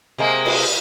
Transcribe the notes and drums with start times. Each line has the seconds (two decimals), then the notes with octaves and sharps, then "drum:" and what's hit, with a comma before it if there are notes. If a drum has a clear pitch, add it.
0.18 C3 G#3 A#3
0.45 drum: cymbal